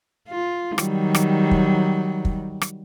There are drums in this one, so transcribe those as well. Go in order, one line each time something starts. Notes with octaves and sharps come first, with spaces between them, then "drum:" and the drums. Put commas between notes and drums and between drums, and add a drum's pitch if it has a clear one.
F4
D#3 F#3 G3, drum: rim click
drum: rim click
drum: kick
drum: kick
drum: rim click